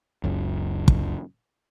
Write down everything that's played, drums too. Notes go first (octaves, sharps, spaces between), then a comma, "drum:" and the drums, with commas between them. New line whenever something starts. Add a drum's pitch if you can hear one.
F#1 C#2 F#2
drum: kick